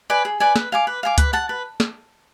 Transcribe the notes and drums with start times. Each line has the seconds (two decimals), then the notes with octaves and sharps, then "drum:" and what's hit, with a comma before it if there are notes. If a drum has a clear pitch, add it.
0.10 B4 D5 G#5
0.25 G#4
0.40 B4 D5 G#5
0.56 B4, drum: snare
0.72 F5 G#5 D6
0.87 B4
1.03 F5 G#5 D6
1.18 B4, drum: kick C#2, hi-hat
1.33 F#5 A5
1.49 B4
1.80 drum: snare